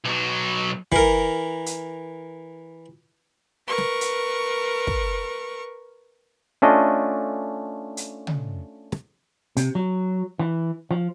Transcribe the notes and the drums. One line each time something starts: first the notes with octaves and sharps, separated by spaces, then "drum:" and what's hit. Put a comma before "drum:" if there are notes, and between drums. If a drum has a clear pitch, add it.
B1 F#3
E3 A#4, drum: kick
drum: hi-hat
A#4 B4 C#6
drum: snare
drum: hi-hat
drum: kick
A3 C#4 D4 F4 D#5
drum: hi-hat
drum: tom
drum: snare
C3, drum: hi-hat
F#3
E3
F3